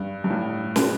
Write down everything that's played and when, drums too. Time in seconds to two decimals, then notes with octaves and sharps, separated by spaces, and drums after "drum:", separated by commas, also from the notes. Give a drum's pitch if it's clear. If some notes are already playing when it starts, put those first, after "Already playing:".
Already playing: G2
0.24 G2
0.30 A2
0.76 B2, drum: snare